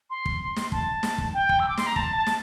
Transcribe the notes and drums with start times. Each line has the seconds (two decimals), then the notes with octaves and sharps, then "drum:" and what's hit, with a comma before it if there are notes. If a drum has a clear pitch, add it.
0.10 C6
0.26 drum: kick
0.56 drum: snare
0.72 A5, drum: kick
1.03 drum: snare
1.18 drum: kick
1.34 G5
1.49 drum: kick
1.60 E6
1.68 D6
1.78 C6, drum: snare
1.87 A#5
1.96 A5, drum: kick
2.16 A5
2.27 drum: snare